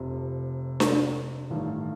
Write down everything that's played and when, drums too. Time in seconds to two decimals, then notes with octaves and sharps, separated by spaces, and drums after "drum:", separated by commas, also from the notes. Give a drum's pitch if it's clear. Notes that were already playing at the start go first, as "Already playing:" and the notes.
Already playing: F1 F2 C3
0.80 drum: snare D4
1.50 A1 G2 D#3 A3